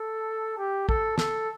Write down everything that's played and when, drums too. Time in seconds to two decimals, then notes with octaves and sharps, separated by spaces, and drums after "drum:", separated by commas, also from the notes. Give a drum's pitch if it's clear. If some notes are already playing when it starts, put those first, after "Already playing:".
Already playing: A4
0.58 G4
0.89 A4, drum: kick
1.18 A4, drum: snare